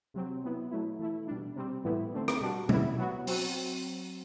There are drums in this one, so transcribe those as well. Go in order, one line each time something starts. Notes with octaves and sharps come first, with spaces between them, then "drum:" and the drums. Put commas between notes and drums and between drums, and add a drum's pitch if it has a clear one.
C3 F#3 C4
B2 F#3 B3 E4
B2 F#3 A3 E4
E3 A3 E4
B2 G3 D4
C3 G3 C4
A2 E3 G3 B3 E4
D3 A3 C4
drum: rim click
B2 G3 D4 F#4
D3 G3 B3 E4, drum: tom
F#3 B3 F#4
F#3 C4 F#4, drum: open hi-hat